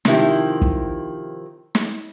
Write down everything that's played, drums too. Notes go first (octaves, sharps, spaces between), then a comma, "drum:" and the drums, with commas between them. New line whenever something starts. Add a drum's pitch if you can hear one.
C3 D#3 F3 E4 G4, drum: snare
drum: kick
drum: snare